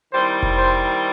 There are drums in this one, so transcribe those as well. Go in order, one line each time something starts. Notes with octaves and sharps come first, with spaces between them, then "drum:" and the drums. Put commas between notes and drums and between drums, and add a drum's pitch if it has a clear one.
D#3 G3 C4 E4 C5
drum: kick F1
C5